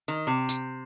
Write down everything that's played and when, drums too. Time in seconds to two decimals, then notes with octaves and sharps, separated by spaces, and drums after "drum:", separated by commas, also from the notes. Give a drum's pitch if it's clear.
0.08 D#3
0.27 C3
0.49 drum: tambourine